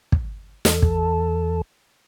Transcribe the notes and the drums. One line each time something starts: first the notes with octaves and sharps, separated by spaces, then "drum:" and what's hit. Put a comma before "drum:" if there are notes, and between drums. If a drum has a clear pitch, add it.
drum: kick
E2 A4, drum: snare
drum: kick